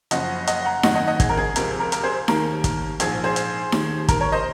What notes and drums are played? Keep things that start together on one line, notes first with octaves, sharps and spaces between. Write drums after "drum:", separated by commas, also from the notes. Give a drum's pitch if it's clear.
F#1 F#2 C#3 F3 D#5 F#5, drum: hi-hat
D#5 F#5, drum: hi-hat
F#5 A#5
G#1 F#2 D#3 D#5 F#5, drum: snare D#4
D#5 F#5
D#5 F#5
G#4, drum: kick, hi-hat
A#4
G#4
C#2 C3 F3 A#4, drum: hi-hat
A#4
A#4, drum: hi-hat
G#4 C5
D#2 D#3 A#4, drum: snare D#4
drum: kick, hi-hat
A#1 G#2 F3 G#4, drum: hi-hat
G#4 C5
drum: hi-hat
D#2 D#3, drum: snare D#4
A#4, drum: kick, hi-hat
A#4 C#5
C5 D#5